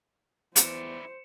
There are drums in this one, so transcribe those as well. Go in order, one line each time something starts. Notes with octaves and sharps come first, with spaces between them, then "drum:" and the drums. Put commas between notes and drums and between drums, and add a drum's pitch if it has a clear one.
E2 E4 C5 D5 C#7 E7, drum: hi-hat